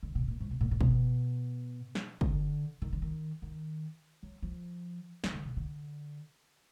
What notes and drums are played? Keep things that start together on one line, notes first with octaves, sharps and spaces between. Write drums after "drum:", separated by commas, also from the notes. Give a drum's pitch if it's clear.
D3
B2
A#2
G#2
B2
A#2
A#2
B2, drum: kick
drum: snare
D3, drum: kick
D#3
D3
D#3
D#3
F#3
F3
D#3, drum: snare
D3
B2
D3